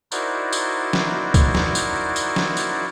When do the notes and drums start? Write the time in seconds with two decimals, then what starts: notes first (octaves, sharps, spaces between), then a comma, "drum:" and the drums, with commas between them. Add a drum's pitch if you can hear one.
0.12 D#4 E4 F#4 A#4 C5 D5, drum: tambourine
0.53 drum: tambourine
0.93 drum: snare
1.34 drum: kick, tambourine
1.55 drum: snare
1.75 drum: tambourine
2.16 drum: tambourine
2.36 drum: snare
2.57 drum: tambourine